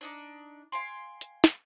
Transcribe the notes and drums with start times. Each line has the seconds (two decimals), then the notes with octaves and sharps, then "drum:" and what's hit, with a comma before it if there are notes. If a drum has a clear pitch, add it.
0.01 D4 D#4 D5
0.72 F5 G5 G#5 C6
1.21 drum: hi-hat
1.44 drum: snare